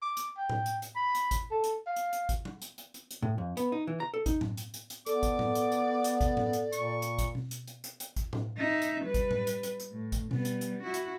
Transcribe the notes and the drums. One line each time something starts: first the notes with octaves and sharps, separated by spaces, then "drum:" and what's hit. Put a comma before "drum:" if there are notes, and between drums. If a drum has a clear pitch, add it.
D6
drum: hi-hat
G5
drum: tom A2
drum: hi-hat
drum: hi-hat
B5
drum: hi-hat
drum: kick G#1, hi-hat
A4
drum: hi-hat
F5
drum: hi-hat
drum: hi-hat
drum: kick G#1, hi-hat
drum: tom
drum: hi-hat
drum: hi-hat
drum: hi-hat
drum: hi-hat
A2
F2
B3, drum: hi-hat
D#4
E3
A#5
A4
D#4, drum: kick G#1, hi-hat
drum: tom A2
drum: hi-hat
drum: hi-hat
drum: hi-hat
B3 A4 D5 D6, drum: hi-hat
drum: kick G#1, hi-hat
drum: tom A2
drum: hi-hat
drum: hi-hat
drum: hi-hat
drum: kick G#1, hi-hat
drum: tom A2
drum: hi-hat
A#2 C#6, drum: hi-hat
drum: hi-hat
drum: kick G#1, hi-hat
drum: tom B2
drum: hi-hat
drum: hi-hat
drum: hi-hat
drum: hi-hat
drum: kick G#1, hi-hat
drum: tom A2
D#4 E5
drum: hi-hat
G3 B4
drum: kick G#1, hi-hat
drum: tom A2
drum: hi-hat
drum: hi-hat
drum: hi-hat
A2
drum: kick G#1, hi-hat
G3 B3, drum: tom B2
drum: hi-hat
drum: hi-hat
E4 F#4
drum: hi-hat